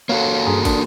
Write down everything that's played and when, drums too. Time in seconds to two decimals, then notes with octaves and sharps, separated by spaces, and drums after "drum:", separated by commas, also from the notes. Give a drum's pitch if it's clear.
0.09 A#3 F#4 A4 C#5 F5
0.46 G2 G#4 A#5
0.65 D4 A#4 D#6, drum: kick, cymbal